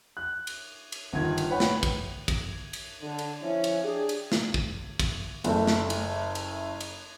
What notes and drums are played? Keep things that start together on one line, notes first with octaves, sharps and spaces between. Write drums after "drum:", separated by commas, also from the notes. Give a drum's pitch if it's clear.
F#6
drum: cymbal
drum: cymbal
G1 D#3 F4 G#6
drum: cymbal
B4 C#5 F#5 G5 B5
drum: snare
drum: kick, cymbal
drum: kick, cymbal
drum: cymbal
D3
drum: cymbal
F3 C#4 E4
drum: cymbal
D4 G4 G#4
drum: cymbal
drum: snare
drum: kick
drum: kick, cymbal
F#1 A3, drum: cymbal
drum: snare
drum: cymbal
drum: cymbal
drum: cymbal